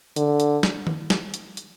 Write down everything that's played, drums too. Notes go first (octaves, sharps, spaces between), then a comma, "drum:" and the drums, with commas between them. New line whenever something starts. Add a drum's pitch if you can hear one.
D3, drum: hi-hat
drum: hi-hat
drum: snare
drum: tom D#3
drum: snare
drum: hi-hat
drum: hi-hat